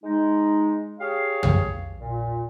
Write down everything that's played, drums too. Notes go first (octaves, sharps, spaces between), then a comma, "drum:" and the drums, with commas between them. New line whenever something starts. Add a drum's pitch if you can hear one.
G#3 D#4
G4 G#4 C#5 F5
drum: tom
A#2